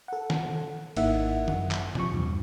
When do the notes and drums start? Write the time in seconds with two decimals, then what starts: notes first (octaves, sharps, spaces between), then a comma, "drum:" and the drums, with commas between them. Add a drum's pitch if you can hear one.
0.08 A4 F#5
0.30 drum: snare
0.97 G#1 A#3 D#4 E4 E5 F#5, drum: cymbal
1.48 F#2 F#5, drum: tom
1.71 drum: clap
1.95 C3 F3 C#6, drum: tom
2.12 E2 G2